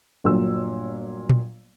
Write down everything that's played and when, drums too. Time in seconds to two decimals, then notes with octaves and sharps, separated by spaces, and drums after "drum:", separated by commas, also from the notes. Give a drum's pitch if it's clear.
0.24 G1 A#2 F#3 E6
1.29 drum: tom A#2